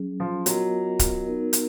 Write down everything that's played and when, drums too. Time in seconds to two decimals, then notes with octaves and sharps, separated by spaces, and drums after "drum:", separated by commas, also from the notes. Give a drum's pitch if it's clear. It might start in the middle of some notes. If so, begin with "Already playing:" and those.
Already playing: F#3 C#4 G#4
0.20 F3
0.46 F#3 B3 F4 A#4 D#5, drum: hi-hat
0.99 drum: kick, hi-hat
1.26 B3 D#4 A#4
1.53 drum: hi-hat